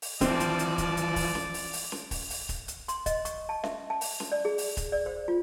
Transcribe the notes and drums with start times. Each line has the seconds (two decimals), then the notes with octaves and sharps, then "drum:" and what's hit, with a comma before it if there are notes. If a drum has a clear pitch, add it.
0.02 drum: open hi-hat
0.21 E3 F3 C4 D5, drum: kick, hi-hat
0.40 drum: hi-hat
0.59 drum: hi-hat
0.78 drum: kick, hi-hat
0.97 drum: hi-hat
1.16 drum: kick, open hi-hat
1.35 drum: snare C#4
1.54 drum: open hi-hat
1.73 drum: open hi-hat
1.92 drum: snare C#4
2.11 drum: kick, open hi-hat
2.30 drum: open hi-hat
2.49 drum: kick, hi-hat
2.68 drum: hi-hat
2.88 C6, drum: hi-hat
3.06 D#5, drum: kick, hi-hat
3.25 C#6, drum: hi-hat
3.49 A5
3.64 E5, drum: snare C#4
3.90 A5
4.01 drum: open hi-hat
4.20 drum: snare C#4
4.32 D5
4.45 G#4
4.58 drum: open hi-hat
4.77 drum: kick, hi-hat
4.92 D5
5.06 C5
5.28 F4